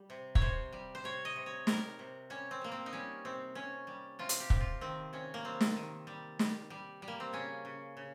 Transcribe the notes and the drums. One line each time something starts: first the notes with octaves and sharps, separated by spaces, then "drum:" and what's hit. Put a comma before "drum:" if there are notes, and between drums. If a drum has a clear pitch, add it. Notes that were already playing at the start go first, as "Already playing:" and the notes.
Already playing: G3
C3
C#5, drum: kick
C3 C5
G3
C5
C3 C#5
D#5
C3
C#5
G3 A#4, drum: snare
C3
G3 C#4
C4
G3 A#3
C4
D#4
G3 C#4
C3 C4
C3 C#4
G3
C3 F4
drum: hi-hat
G4
C3, drum: kick
F4
D#3 C4
C3 C#4
A#3
G3 C4
drum: snare
D#3
G3
G3, drum: snare
G3
G3
A#3
C4
C#3 C#4
C#3
C#3